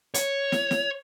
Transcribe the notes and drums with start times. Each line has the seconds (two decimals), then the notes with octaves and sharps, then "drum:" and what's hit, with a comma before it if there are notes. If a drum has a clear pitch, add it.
0.14 C#5, drum: hi-hat
0.52 drum: snare
0.71 drum: snare